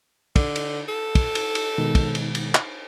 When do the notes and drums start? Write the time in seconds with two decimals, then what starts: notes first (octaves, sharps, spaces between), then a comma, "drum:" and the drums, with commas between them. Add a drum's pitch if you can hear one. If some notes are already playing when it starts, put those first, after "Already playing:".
0.36 D3, drum: kick, cymbal
0.56 drum: cymbal
0.88 A4
1.15 drum: kick, cymbal
1.35 drum: cymbal
1.55 drum: cymbal
1.78 B2 D#3 G#3
1.95 drum: kick, cymbal
2.15 drum: cymbal
2.35 drum: cymbal
2.55 drum: clap